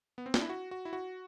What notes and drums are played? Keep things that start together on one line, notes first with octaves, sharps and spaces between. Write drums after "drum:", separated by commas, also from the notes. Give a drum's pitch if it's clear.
B3
C4
D4, drum: snare
E4
F#4
F#4
E4
F#4